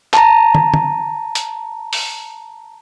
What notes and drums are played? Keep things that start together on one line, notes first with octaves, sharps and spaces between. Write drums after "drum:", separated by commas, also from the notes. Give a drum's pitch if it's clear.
A5 A#5, drum: clap
drum: tom
drum: tom D3
drum: hi-hat
drum: open hi-hat